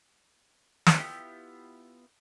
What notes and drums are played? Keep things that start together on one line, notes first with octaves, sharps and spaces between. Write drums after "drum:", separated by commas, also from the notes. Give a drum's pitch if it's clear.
drum: snare
B3 E4 F4 G4